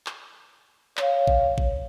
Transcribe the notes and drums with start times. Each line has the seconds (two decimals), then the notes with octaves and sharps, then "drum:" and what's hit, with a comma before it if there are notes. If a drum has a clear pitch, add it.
0.06 drum: clap
0.97 C#5 F5, drum: clap
1.27 drum: kick A1
1.58 drum: kick A1